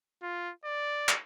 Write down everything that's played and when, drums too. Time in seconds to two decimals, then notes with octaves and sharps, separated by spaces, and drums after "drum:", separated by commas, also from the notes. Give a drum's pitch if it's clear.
0.23 F4
0.65 D5
1.09 drum: clap